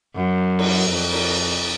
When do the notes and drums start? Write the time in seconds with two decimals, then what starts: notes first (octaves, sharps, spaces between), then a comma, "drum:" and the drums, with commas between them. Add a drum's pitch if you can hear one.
0.15 F#2
0.59 drum: cymbal
0.90 F2
1.12 drum: cymbal